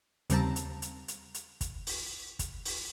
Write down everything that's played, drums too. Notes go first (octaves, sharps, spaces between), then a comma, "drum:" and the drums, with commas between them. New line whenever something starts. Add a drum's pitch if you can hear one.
D#2 C#3 G3 C4 A5 A#5, drum: hi-hat
drum: hi-hat
drum: hi-hat
drum: hi-hat
drum: hi-hat
drum: kick, hi-hat
drum: open hi-hat
drum: kick, hi-hat
drum: open hi-hat